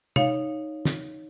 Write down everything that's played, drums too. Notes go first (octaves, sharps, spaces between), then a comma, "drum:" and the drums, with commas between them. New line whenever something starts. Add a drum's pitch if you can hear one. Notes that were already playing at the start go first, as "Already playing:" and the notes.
D#4 C#5 F5, drum: tom
drum: snare